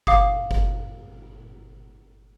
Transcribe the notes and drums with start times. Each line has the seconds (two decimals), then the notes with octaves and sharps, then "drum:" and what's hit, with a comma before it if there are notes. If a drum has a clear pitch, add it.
0.07 F5 D6 D#6, drum: kick F#1
0.51 drum: kick F#1